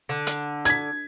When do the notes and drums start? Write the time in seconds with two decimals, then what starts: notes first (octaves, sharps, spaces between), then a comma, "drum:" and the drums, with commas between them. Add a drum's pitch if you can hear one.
0.09 D3
0.27 drum: hi-hat
0.65 G#6 B6, drum: hi-hat